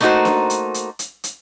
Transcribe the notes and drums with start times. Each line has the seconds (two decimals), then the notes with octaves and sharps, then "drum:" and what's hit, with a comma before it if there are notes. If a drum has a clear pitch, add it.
0.01 A3 A#3 D#4 E4 F#4 C5
0.25 drum: snare D4
0.50 drum: hi-hat
0.74 drum: hi-hat
0.99 drum: hi-hat
1.24 drum: hi-hat